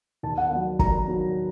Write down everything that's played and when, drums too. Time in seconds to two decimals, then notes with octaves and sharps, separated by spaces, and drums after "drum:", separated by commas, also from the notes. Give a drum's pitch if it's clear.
0.23 D#2 A5
0.37 F#5
0.51 D#3 F#3 F#5
0.79 D#2 A#5, drum: kick
1.07 D#3 F#3